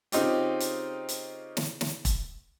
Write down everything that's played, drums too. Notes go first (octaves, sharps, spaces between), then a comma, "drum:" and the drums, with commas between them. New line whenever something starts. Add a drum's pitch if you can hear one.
C#3 C4 D#4 F4 G4, drum: hi-hat
drum: hi-hat
drum: hi-hat
drum: snare
drum: snare
drum: kick E1, hi-hat